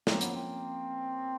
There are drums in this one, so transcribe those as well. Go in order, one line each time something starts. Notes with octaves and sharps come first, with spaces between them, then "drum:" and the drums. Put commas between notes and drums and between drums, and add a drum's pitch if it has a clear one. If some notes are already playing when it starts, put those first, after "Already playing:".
F3 A#3 C4 C#4, drum: snare
B3, drum: hi-hat
C4